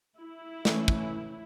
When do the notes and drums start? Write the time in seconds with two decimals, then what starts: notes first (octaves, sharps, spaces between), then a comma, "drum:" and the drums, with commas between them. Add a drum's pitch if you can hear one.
0.20 E4
0.65 E3 A3 C#4, drum: snare
0.88 drum: kick